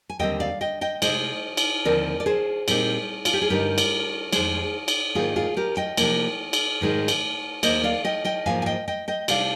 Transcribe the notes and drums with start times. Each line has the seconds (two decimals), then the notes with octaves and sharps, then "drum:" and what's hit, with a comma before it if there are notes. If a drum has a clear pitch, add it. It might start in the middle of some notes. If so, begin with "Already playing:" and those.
0.10 G#5
0.19 D#2 D3 G3 C4 D#5 G5
0.40 D5 F5
0.61 D#5 G5
0.81 D#5 G5
1.02 F3 G#3 C5 D#5, drum: cymbal
1.07 C3
1.57 drum: cymbal
1.85 D#2 D3 F3 C4 A#4 D5
2.20 D5
2.26 G#4 C5
2.68 A#2 G3 C4 D#4, drum: cymbal
3.25 F4, drum: cymbal
3.34 G4
3.42 G#4
3.50 G2 D3 G3 C4 D#4 G4 A#4
3.78 drum: cymbal
4.33 F2 D#3 G#3 G#4 C5, drum: cymbal
4.88 drum: cymbal
5.15 G#2 D#3 A#3 D#4 F4 G#4
5.36 F4 G#4
5.57 G4 A#4
5.77 D#5 G5
5.97 C3 F3 A#3, drum: cymbal
6.53 drum: cymbal
6.81 G#2 D#3 G#3 D#4
7.08 drum: cymbal
7.63 D#2 D#3 A#3 C5 D#5, drum: cymbal
7.84 D5 F5
8.05 D#5 G5
8.25 D#5 G5
8.46 G#2 F3 A#3 F5 G#5
8.62 G#5
8.66 D#5 G5
8.88 D#5 G5
9.08 D#5 G5
9.28 C3 G3 D4 D5 F5, drum: cymbal